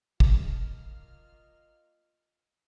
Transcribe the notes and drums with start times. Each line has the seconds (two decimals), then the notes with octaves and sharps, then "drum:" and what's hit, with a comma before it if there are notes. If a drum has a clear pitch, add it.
0.20 A#3 F4 D#5 A5 F6, drum: kick